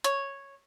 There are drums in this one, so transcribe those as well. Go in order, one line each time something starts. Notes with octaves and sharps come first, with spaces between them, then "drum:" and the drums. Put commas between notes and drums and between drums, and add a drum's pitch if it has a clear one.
C#5, drum: hi-hat